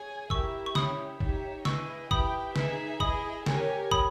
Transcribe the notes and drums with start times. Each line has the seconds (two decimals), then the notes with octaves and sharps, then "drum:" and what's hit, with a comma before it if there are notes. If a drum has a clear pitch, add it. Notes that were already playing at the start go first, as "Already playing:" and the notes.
Already playing: G#4 C#5 G#5
0.30 E4 G4 A#4 E5 C#6 E6, drum: kick
0.66 C#6
0.75 C#4 E4 G4 C#5 B5 D#6, drum: snare
1.20 D#4 G4 C#5 E5, drum: kick
1.65 E4 G#4 B4 D#5 C#6 E6, drum: snare
2.11 E4 G4 B4 G5 B5 D#6, drum: kick
2.56 D#4 G#4 B4 E5, drum: snare
3.00 E4 G#4 D#5 B5 D#6, drum: kick
3.46 G4 A#4 C#5 G#5, drum: snare
3.91 B5 D#6, drum: kick